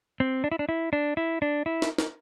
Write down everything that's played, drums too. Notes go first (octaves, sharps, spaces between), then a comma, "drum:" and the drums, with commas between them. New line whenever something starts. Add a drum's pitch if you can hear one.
C4
D4
E4
D4
E4
D4
E4
D4
E4
drum: snare
drum: snare